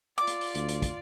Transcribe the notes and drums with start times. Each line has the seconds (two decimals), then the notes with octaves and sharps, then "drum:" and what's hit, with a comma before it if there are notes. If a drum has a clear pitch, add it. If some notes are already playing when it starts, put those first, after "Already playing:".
0.18 F4 D5 D6
0.27 drum: hi-hat
0.41 drum: open hi-hat
0.55 D2, drum: hi-hat
0.69 drum: hi-hat
0.82 drum: kick, hi-hat